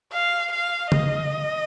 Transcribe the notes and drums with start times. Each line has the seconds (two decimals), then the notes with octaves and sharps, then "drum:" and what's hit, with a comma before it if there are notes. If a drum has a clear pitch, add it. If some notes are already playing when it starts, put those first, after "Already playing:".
0.13 F5
0.52 F5
0.92 D#5, drum: tom C#3